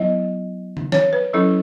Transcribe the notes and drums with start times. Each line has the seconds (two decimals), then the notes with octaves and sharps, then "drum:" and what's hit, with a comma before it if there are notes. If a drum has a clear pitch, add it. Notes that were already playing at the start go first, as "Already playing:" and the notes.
Already playing: F#3 B3 E4 D#5
0.77 drum: tom C#3
0.92 C#5, drum: snare
1.13 B4
1.33 F#3 C#4 E4 A4